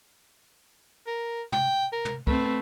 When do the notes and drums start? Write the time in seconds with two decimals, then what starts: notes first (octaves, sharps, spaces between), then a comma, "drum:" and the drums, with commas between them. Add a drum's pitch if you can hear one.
1.07 A#4
1.52 G5, drum: tom
1.92 A#4
2.05 drum: tom
2.27 A3 C4 B4, drum: kick